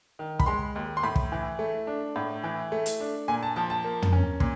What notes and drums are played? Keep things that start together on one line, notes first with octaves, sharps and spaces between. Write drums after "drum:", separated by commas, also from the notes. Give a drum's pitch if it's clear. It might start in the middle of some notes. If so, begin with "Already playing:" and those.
D#3
B5, drum: kick
G#3 C6
D#2
C6
A2 B5
drum: kick
E3
A3
D4
A2
E3
A3
drum: hi-hat
D4
A#2 G#5
A5
F3 A5
A5
A#3
drum: tom
C#4
A#2, drum: kick